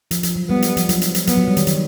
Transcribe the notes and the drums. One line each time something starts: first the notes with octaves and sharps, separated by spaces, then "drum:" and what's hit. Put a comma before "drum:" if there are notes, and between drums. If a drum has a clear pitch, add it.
F3, drum: hi-hat
F3, drum: hi-hat
F#3
G3 B3
drum: hi-hat
F3, drum: hi-hat
F#3, drum: hi-hat
drum: hi-hat
drum: hi-hat
F#3 B3, drum: hi-hat
F#3
G3
D#3, drum: hi-hat
D#3, drum: hi-hat